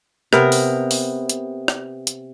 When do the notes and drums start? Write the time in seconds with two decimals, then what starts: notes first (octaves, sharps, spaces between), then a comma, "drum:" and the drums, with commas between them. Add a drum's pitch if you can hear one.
0.33 C3 B3 A#4, drum: rim click
0.52 drum: open hi-hat
0.91 drum: open hi-hat
1.29 drum: hi-hat
1.68 drum: rim click
2.07 drum: hi-hat